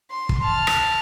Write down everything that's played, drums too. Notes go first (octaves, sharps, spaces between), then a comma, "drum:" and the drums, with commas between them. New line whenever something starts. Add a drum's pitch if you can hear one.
C6
drum: kick
A5 F6
drum: rim click